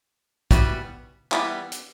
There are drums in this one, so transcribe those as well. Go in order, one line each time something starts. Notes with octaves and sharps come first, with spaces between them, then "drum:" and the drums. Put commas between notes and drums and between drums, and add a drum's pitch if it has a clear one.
E3 G3 B3 F#4, drum: kick, hi-hat
E3 G3 B3, drum: clap
drum: hi-hat